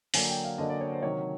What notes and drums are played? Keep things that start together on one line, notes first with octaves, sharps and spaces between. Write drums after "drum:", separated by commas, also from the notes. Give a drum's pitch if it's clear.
D3 F#3 A#3 D4 G#5, drum: open hi-hat
G5
F5
D3 F#3 A#3 D4 D#5
D5
C#5
C5
C3 D#3 F#3 C#5